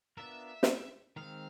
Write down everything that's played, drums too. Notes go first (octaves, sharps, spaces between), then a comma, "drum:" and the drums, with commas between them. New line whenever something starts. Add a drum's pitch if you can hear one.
B3 D4 F4 A#4 E5
drum: snare
D#3 G#3 C4 F5